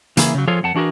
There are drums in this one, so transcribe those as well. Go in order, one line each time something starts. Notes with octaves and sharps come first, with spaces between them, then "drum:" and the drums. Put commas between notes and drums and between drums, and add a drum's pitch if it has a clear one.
C#3 E3 A#3 E4 G#4, drum: hi-hat
C#3 F#3
F3 F4 G#4 A4 C#5 F5
F2 F#5 A5
E3 D4 F#4 G#4 A#4